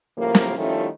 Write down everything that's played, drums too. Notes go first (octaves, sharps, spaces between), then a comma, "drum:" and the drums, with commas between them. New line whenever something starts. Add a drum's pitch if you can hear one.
A2 C#3 F3 G3 A#3
drum: snare
D#3 F3 G3 A3 C#4 E4